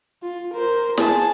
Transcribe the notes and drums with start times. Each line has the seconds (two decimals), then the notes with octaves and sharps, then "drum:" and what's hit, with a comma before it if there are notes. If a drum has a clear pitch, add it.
0.23 F4
0.53 A#4 C5
0.97 G#4 A5, drum: snare